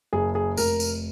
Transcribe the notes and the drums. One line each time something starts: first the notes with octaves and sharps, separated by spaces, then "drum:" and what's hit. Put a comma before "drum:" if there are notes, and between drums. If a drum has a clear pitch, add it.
F#1 G#4
G#4
F1 A#4, drum: tambourine
drum: tambourine